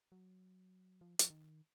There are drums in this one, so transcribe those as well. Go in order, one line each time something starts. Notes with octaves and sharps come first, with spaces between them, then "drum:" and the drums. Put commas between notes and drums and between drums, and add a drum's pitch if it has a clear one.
F#3
F3
F3, drum: hi-hat
D#3